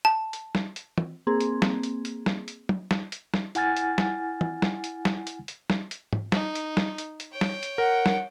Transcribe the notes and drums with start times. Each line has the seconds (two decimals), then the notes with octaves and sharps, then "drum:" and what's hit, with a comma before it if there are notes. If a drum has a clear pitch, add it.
0.05 A5
0.33 drum: hi-hat
0.55 drum: snare
0.76 drum: hi-hat
0.98 drum: tom
1.27 A#3 C4 G#4
1.41 drum: hi-hat
1.62 drum: snare
1.83 drum: hi-hat
2.05 drum: hi-hat
2.26 drum: snare
2.48 drum: hi-hat
2.69 drum: tom
2.91 drum: snare
3.12 drum: hi-hat
3.34 drum: snare
3.55 E4 F#5 G#5 F6 A6, drum: hi-hat
3.77 drum: hi-hat
3.98 drum: snare
4.41 drum: tom
4.62 drum: snare
4.84 drum: hi-hat
5.05 drum: snare
5.27 drum: hi-hat
5.48 drum: hi-hat
5.70 drum: snare
5.91 drum: hi-hat
6.13 drum: tom
6.32 D#4, drum: snare
6.55 drum: hi-hat
6.77 drum: snare
6.98 drum: hi-hat
7.20 drum: hi-hat
7.31 C#5 G5
7.41 drum: snare
7.63 drum: hi-hat
7.78 A#4 F#5
8.06 drum: snare